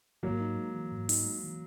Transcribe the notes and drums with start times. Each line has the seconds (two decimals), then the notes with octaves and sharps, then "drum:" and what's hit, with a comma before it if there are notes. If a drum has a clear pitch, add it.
0.23 G#2 F#3 A#3
0.41 D#4
0.57 G#3
0.74 E3
0.92 G#2
1.09 D#4, drum: open hi-hat
1.26 G#3
1.43 E3